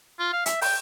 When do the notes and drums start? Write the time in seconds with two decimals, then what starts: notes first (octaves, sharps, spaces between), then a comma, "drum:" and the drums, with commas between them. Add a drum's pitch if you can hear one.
0.19 F4
0.33 F5
0.46 E5, drum: hi-hat
0.62 G5, drum: open hi-hat